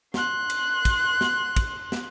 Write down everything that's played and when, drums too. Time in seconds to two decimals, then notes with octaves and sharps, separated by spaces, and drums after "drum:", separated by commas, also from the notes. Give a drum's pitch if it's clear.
0.14 C6 F#6, drum: snare
0.50 drum: cymbal
0.85 drum: kick, cymbal
1.21 drum: snare
1.56 drum: kick, cymbal
1.92 drum: snare